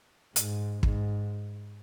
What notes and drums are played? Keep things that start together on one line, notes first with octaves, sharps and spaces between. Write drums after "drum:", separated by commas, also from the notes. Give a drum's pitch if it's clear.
G#2, drum: hi-hat
G#2, drum: kick